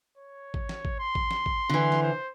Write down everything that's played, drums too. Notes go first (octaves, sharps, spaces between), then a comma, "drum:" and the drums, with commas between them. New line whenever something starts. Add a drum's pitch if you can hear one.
C#5
drum: kick G#1
drum: snare
drum: kick G#1
C6
drum: kick G#1
drum: snare
drum: kick G#1
D3 E3
drum: snare
C5